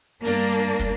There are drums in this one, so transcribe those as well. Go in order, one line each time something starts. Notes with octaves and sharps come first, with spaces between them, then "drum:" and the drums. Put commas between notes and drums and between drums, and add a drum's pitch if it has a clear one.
G2 A#3 D4, drum: open hi-hat
drum: hi-hat
drum: kick, hi-hat